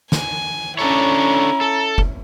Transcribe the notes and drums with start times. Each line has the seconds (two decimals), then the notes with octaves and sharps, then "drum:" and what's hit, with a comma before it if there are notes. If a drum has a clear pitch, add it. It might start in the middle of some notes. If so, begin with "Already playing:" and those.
0.12 G#5, drum: snare
0.79 C#4 D4 E4 A4 C#5 A#5
1.61 A4
1.98 drum: kick